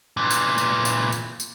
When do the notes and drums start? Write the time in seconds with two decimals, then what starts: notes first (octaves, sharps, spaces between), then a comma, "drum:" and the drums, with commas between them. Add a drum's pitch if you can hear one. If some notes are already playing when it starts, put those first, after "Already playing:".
0.17 A#2 E3
0.31 drum: tambourine
0.58 drum: tambourine
0.85 drum: tambourine
1.12 drum: tambourine
1.40 drum: tambourine